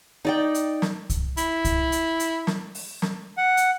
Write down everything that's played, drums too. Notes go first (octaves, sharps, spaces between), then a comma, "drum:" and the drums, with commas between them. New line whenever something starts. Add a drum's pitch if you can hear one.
D#4 D5 G5
drum: hi-hat
drum: snare
drum: kick C2, hi-hat
E4, drum: hi-hat
drum: kick C2, hi-hat
drum: hi-hat
drum: hi-hat
drum: snare
drum: open hi-hat
drum: snare
F#5
drum: hi-hat